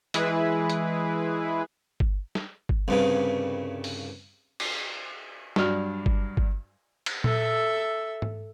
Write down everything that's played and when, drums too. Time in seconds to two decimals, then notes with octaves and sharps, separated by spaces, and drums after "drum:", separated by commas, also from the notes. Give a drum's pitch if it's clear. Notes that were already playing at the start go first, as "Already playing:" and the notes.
0.14 E3 G#3 E4 G#4 B4, drum: hi-hat
0.70 drum: hi-hat
2.00 drum: kick G1
2.35 drum: snare
2.69 drum: kick G1
2.88 C2 G2 C#3
3.84 drum: open hi-hat
4.60 drum: cymbal
5.56 G2 F#3 D4 F6, drum: snare
6.06 drum: kick G1
6.37 drum: kick G1
7.06 drum: cymbal
7.24 A4 E5, drum: tom A#2
8.22 drum: tom G#2